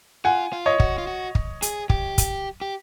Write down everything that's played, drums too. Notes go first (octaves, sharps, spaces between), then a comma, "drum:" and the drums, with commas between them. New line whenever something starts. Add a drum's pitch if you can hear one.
F4 F#5 G#5
F4
C#5 D#5
F#4, drum: kick
F4
F#4
drum: kick
G#4, drum: hi-hat
G4, drum: kick
drum: kick, hi-hat
G4